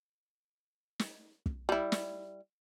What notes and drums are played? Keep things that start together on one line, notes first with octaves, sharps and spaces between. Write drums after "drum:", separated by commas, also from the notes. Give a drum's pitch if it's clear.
drum: snare
drum: kick
G3 E4
drum: snare